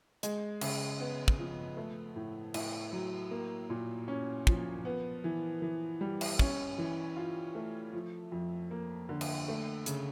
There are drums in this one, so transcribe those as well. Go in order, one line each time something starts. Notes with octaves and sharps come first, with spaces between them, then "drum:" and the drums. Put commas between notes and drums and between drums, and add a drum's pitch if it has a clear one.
G#3, drum: hi-hat
C#3, drum: cymbal
B3
drum: kick
F3
A3
A2
A2, drum: cymbal
F#3
A#3
A#2
C#4
F3, drum: kick
B3
E3
E3
G3
drum: cymbal
C#4, drum: kick
E3
F4
A3
F3
F2
A#3
D3
drum: cymbal
A3
C#3, drum: hi-hat